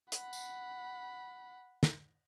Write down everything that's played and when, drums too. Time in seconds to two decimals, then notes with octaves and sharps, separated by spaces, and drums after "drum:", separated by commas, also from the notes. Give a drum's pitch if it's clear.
0.12 F#5 B5, drum: hi-hat
0.33 drum: tambourine
1.83 drum: snare